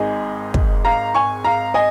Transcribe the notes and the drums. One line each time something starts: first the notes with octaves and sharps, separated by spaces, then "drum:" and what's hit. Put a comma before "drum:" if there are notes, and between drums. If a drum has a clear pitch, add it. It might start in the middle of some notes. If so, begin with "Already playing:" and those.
Already playing: G#1 G#2 G#3 D#4 G#4
drum: kick
F5 A#5
G#5 C#6
F5 A#5
D#5 G#5